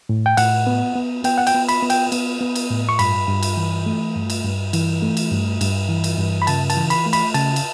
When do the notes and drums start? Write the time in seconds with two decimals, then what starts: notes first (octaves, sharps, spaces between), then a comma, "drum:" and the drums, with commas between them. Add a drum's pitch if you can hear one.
0.09 A2
0.26 G5
0.37 A2 F#5, drum: cymbal
0.67 B3
0.96 B3
1.24 B3 G5, drum: cymbal
1.38 F#5
1.47 G5, drum: cymbal
1.54 B3
1.69 B5, drum: cymbal
1.82 B3
1.90 G5, drum: cymbal
2.12 B3, drum: cymbal
2.41 B3
2.55 drum: cymbal
2.71 A2
2.89 C#6
2.99 G2 B5, drum: cymbal
3.28 G2
3.43 drum: cymbal
3.57 E3
3.86 A3
4.16 G2
4.30 drum: cymbal
4.45 G2
4.73 E3, drum: cymbal
5.02 A3
5.17 drum: cymbal
5.32 G2
5.61 G2, drum: cymbal
5.89 E3
6.04 drum: cymbal
6.18 G2
6.42 B5
6.47 C#3 A5, drum: cymbal
6.70 A5, drum: cymbal
6.76 E3
6.90 B5, drum: cymbal
7.06 A3
7.13 B5, drum: cymbal
7.34 C#3 A5, drum: cymbal
7.56 drum: cymbal